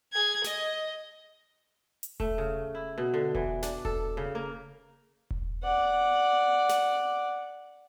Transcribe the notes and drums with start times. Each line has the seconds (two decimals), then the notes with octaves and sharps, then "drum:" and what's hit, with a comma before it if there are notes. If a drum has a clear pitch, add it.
0.13 G#4 G#6
0.44 D#5, drum: snare
2.03 drum: hi-hat
2.20 A3, drum: kick E1
2.38 C#3
2.75 E4
2.98 B2
3.14 D3
3.35 E3, drum: kick E1
3.63 D4, drum: snare
3.85 A4, drum: kick E1
4.17 C#3
4.35 A#3
5.31 drum: kick E1
5.63 D5 F#5
6.69 drum: snare